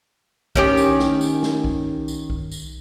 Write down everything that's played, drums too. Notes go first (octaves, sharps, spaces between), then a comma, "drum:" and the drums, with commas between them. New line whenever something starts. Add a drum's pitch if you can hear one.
D#3 C#4 G4, drum: kick B1
drum: tambourine
drum: snare
drum: tambourine
drum: snare
drum: kick B1
drum: tambourine
drum: kick B1
drum: tambourine